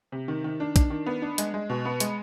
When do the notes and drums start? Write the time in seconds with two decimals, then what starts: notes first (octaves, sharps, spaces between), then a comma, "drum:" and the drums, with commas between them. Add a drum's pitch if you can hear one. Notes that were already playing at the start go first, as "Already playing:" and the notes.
0.12 C3
0.28 D#3
0.44 D#3
0.60 D4
0.76 D4, drum: kick, hi-hat
0.90 D#3
1.06 B3
1.22 D4
1.38 G#3, drum: hi-hat
1.54 G#3
1.70 B2
1.85 B3
2.00 G#3, drum: hi-hat